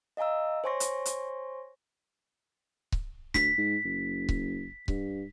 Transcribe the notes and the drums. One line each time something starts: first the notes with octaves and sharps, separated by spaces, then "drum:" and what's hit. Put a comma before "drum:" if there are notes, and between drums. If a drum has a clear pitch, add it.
D#5 F5 G#5 A#5 E6
C5 C#5 G#5 C6 C#6 A#6
drum: hi-hat
drum: hi-hat
drum: kick C#1
D2 B6, drum: snare
G#2
F#1
drum: kick C#1
G2, drum: kick C#1